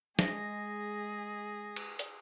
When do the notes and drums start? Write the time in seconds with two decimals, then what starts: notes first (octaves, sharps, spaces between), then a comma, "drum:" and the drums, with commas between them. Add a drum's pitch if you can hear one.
0.19 G#3 G#4 A#6, drum: snare
1.76 drum: cymbal
1.99 drum: hi-hat